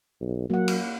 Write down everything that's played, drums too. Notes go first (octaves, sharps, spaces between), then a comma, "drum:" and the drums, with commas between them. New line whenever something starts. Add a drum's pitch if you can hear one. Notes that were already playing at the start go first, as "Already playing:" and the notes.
B1
F#3 A#3 F#5
drum: cymbal